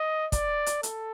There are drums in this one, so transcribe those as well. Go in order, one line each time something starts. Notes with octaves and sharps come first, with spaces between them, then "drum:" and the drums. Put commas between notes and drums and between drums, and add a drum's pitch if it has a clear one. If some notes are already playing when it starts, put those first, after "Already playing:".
Already playing: D#5
D5, drum: kick, hi-hat
drum: hi-hat
A4, drum: hi-hat